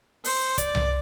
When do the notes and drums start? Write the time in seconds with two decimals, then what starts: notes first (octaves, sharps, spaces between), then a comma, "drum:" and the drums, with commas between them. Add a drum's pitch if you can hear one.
0.24 C5, drum: open hi-hat
0.58 D5, drum: kick, hi-hat
0.75 drum: tom C2